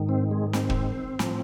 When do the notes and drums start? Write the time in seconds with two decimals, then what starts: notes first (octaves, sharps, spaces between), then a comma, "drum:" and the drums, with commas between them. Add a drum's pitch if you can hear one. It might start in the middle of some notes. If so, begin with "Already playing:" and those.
Already playing: G#2 D#3
0.09 C4
0.31 G#3
0.53 C4, drum: snare
0.70 drum: kick
1.19 A2 F3, drum: snare